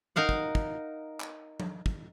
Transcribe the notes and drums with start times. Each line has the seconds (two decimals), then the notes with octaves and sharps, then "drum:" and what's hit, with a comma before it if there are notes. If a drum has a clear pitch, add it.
0.16 D#4 A#4 F5 F#5
0.29 drum: kick
0.55 drum: kick
1.20 drum: clap
1.60 drum: tom F3
1.86 drum: kick